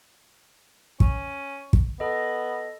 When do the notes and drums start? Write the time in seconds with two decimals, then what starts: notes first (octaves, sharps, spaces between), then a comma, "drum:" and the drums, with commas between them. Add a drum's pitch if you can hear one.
1.00 C#4, drum: kick
1.73 drum: kick
2.00 B3 A4 D#5